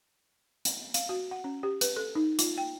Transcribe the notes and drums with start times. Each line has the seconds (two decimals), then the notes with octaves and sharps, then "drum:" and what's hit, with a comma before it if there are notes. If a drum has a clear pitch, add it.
0.65 drum: hi-hat
0.94 F5, drum: hi-hat
1.09 F#4
1.31 F#5
1.44 C#4
1.63 G4
1.81 B4, drum: hi-hat
1.96 A4
2.15 D#4
2.39 F4, drum: hi-hat
2.58 G5